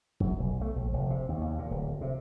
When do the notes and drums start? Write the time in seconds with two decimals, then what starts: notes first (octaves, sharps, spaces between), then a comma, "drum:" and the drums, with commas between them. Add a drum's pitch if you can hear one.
0.20 F#2, drum: kick E1
0.40 B1
0.61 A3
0.76 A#1
0.93 F1
1.10 C3
1.29 D#2
1.41 D#2
1.58 A#2
1.71 D1
2.01 C3